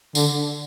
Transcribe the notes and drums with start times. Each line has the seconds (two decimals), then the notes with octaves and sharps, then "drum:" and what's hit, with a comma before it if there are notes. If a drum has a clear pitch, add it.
0.15 D3, drum: tambourine